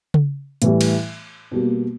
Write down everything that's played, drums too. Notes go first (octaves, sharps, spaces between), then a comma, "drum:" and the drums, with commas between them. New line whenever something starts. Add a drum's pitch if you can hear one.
drum: tom C#3
A2 E3 G3, drum: hi-hat
drum: cymbal
B2 G3 A#3